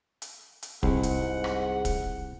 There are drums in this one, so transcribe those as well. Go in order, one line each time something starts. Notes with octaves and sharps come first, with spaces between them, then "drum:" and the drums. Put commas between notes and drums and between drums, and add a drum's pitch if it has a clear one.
drum: hi-hat
drum: hi-hat
C2 G#2 F#5, drum: kick
drum: hi-hat
drum: rim click
drum: kick, hi-hat